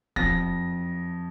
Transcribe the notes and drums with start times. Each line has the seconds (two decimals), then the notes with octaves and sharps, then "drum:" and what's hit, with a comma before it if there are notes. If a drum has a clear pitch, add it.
0.16 F2 A#6, drum: kick